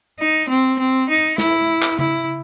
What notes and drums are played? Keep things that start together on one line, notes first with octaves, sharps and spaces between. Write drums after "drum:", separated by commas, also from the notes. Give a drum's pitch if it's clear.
D#4
C4
C4
D#4
E4, drum: snare
drum: clap
E4, drum: tom C#3